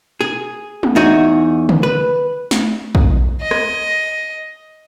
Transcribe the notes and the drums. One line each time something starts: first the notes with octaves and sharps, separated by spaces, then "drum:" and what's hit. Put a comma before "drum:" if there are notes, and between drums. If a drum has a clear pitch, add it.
G#4
drum: tom
E2 D#4 F#4 G#4
drum: tom
B4
drum: snare
drum: kick A#1
D#5
drum: rim click